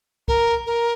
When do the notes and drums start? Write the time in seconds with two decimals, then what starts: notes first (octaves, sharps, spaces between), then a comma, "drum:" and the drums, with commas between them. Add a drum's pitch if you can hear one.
0.28 A#4, drum: kick
0.66 A#4